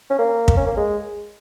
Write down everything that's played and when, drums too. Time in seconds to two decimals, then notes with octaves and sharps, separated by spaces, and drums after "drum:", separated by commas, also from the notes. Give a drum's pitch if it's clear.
0.10 C#4
0.19 A#3
0.48 drum: kick
0.57 C#4
0.66 A#3
0.77 G#3